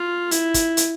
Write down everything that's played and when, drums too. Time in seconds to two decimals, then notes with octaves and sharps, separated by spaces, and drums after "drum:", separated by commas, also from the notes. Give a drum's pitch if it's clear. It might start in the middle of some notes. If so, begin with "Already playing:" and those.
Already playing: F4
0.31 E4, drum: hi-hat
0.54 drum: kick, hi-hat
0.77 drum: hi-hat